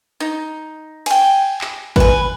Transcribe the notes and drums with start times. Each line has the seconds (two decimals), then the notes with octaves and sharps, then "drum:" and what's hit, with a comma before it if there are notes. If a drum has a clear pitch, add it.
0.20 D#4
1.06 G5 G#5, drum: cymbal
1.61 drum: clap
1.96 B4 G#5, drum: kick G#1